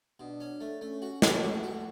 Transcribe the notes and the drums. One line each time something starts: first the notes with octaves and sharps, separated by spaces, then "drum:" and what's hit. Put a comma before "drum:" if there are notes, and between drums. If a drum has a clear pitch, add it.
B2 D4
C#4
A3
A3 C#4
F#4
F#4, drum: snare
A3 F#4
F#4